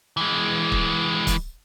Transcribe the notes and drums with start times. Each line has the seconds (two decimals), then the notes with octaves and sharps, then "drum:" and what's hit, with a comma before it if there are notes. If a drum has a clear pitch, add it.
0.17 E3 G#3
0.72 drum: kick
1.27 drum: kick, hi-hat